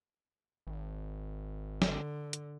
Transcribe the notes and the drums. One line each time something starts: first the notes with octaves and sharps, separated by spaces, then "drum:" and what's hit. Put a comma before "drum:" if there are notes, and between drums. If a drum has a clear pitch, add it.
G#1
D3, drum: snare
drum: hi-hat